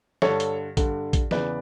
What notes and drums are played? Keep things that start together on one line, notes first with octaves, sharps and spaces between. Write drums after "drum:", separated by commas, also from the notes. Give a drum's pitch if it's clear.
G2 D3 A4 C#5, drum: snare
drum: hi-hat
G2 D3, drum: kick, hi-hat
drum: kick, hi-hat
E2 C#3 E3 B4 D5, drum: snare